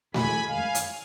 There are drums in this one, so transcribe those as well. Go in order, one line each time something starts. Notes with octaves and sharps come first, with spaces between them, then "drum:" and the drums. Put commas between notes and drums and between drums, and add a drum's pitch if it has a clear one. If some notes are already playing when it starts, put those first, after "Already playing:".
F2 D#3 G#3 G#5 B5, drum: snare A3
F#2 D#3 G#3 F5 G#5
drum: hi-hat